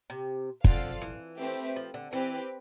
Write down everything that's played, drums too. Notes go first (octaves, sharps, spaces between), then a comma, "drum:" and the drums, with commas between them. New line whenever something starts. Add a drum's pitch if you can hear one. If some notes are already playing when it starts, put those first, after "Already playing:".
C3
D3 C4 F4 A4 D5 F5, drum: kick
E3
A3 C4 G4 B4 E5
F3
D3
E3 C4 G4 B4